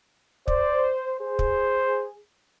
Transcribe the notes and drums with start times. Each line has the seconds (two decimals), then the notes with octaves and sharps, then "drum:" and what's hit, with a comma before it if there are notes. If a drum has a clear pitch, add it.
0.48 C5 D5, drum: kick
1.21 G#4 C5
1.39 drum: kick